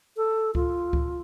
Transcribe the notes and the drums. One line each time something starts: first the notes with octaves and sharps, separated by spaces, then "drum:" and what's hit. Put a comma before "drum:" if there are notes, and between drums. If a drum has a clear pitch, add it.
A4
F4, drum: kick C#2
drum: kick C#2